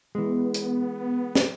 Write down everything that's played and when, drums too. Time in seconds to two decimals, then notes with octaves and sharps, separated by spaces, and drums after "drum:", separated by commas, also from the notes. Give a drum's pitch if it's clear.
0.15 E3 G#3 B3
0.54 drum: hi-hat
1.35 drum: snare